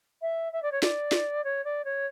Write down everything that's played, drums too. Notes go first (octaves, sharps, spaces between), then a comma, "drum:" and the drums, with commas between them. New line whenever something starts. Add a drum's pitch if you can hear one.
E5
E5
D5
C#5
D5, drum: snare
drum: snare
C#5
D5
C#5